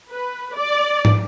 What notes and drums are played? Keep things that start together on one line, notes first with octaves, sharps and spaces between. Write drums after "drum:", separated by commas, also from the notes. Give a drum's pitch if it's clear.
B4
D5
drum: tom